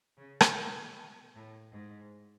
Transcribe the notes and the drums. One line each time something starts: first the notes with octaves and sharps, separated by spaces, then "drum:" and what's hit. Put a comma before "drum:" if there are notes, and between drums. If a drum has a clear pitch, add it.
C#3
drum: rim click
B2
A2
G#2